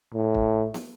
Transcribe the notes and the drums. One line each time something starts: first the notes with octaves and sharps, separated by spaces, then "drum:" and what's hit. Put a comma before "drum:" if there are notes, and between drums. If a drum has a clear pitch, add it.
A2
drum: kick
drum: snare